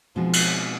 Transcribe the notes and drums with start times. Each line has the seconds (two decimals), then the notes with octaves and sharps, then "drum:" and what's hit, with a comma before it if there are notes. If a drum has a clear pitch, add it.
0.16 B2 F3 G#3 C4 D#4 F#4
0.33 drum: cymbal